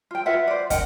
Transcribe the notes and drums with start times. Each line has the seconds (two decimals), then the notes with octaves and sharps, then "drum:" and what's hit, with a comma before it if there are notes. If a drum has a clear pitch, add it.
0.11 F4 G5
0.26 F4 B4 E5 F#5
0.48 C5 D5
0.70 A#4 D#5 F#5 G5, drum: kick, hi-hat